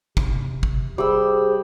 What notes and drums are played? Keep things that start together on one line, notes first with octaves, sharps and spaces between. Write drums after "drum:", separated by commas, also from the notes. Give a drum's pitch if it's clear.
C3, drum: kick
drum: kick
G3 G#4 C5 B5 E6